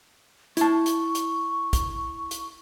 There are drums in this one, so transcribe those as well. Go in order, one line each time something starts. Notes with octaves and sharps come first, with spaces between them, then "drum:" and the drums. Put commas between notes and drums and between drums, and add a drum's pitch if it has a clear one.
E4 A5 C#6, drum: hi-hat
drum: hi-hat
drum: hi-hat
drum: kick, hi-hat
drum: hi-hat